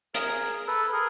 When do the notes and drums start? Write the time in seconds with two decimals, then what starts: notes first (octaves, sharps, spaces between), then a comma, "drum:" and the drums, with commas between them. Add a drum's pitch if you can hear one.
0.14 G#4 A#4, drum: hi-hat
0.67 A4 B4
0.93 G#4 A#4